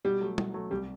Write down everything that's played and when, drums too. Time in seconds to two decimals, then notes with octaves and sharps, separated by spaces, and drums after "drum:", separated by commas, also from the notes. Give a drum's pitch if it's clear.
0.04 B2 G3
0.21 F#3 A3
0.38 B2, drum: tom G3
0.54 F#3 A3
0.71 C2 G3